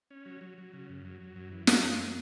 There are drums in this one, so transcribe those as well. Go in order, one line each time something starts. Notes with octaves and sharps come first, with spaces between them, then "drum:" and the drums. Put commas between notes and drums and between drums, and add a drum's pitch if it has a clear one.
C#4
F#3
F#3
F#3
C#3
F#2
F#3
F#3
F#2
E3
G3, drum: snare
F#2
E3